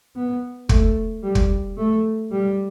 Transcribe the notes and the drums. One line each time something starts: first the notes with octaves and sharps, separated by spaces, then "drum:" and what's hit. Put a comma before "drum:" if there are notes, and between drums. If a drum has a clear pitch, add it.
B3
A3, drum: kick
G3
drum: kick
A3
G3